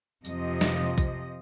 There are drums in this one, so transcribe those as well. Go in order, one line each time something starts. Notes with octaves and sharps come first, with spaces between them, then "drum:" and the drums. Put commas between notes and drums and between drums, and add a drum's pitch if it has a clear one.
F2 C3 F3 D#5, drum: tambourine
drum: snare
drum: kick A#1, tambourine